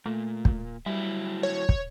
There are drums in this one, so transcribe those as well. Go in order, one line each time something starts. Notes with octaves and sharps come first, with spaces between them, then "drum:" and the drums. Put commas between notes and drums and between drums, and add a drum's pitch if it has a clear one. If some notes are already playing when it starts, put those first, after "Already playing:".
A#2 A3
drum: kick
F#3 G3 E4 E5
C#5
drum: kick